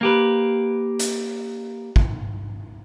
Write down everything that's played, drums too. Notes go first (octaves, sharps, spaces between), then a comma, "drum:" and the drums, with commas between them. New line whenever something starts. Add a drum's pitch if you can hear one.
A#3 G4 B4
drum: hi-hat
drum: kick